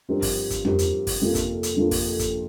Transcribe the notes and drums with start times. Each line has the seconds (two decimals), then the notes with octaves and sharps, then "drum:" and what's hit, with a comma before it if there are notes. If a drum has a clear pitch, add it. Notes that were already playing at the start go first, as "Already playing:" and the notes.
0.09 G2 F3 C4 G4 A#4
0.22 drum: kick G1, open hi-hat
0.50 drum: kick G1, hi-hat
0.65 G2 F3 C4 G4 A#4, drum: tom
0.79 drum: hi-hat
1.07 drum: kick G1, open hi-hat
1.21 F2 C3 F3 A#3 F4
1.35 drum: kick G1, hi-hat
1.63 drum: hi-hat
1.77 F2 C3 F3 A#3 F4
1.91 drum: kick G1, open hi-hat
2.19 drum: kick G1, hi-hat